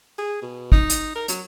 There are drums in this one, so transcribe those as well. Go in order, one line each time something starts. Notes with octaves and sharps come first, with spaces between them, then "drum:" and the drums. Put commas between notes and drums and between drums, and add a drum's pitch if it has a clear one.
G#4
B2
D#4, drum: kick
drum: hi-hat
A#4
F#3, drum: hi-hat